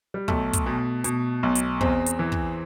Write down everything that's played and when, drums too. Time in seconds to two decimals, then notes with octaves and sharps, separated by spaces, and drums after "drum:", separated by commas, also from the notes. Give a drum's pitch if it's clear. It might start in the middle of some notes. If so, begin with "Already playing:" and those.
0.14 G3
0.28 B1 A3, drum: kick
0.53 drum: kick, hi-hat
0.66 B2
1.04 B2, drum: hi-hat
1.43 B1
1.55 drum: hi-hat
1.81 E2 C4, drum: kick
2.06 drum: hi-hat
2.19 E3
2.32 drum: kick